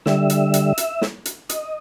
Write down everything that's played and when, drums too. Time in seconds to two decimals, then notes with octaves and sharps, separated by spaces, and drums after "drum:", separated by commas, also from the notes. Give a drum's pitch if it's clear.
0.06 D3 G3 E5, drum: snare
0.30 drum: hi-hat
0.54 drum: hi-hat
0.78 drum: hi-hat
1.02 drum: snare
1.25 drum: hi-hat
1.49 D#5, drum: hi-hat